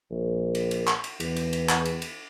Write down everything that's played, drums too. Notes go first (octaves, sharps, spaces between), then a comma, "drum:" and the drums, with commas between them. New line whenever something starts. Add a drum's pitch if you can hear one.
A#1
drum: cymbal
drum: cymbal
drum: clap
drum: cymbal
E2, drum: cymbal
drum: cymbal
drum: cymbal
drum: clap
drum: cymbal
drum: cymbal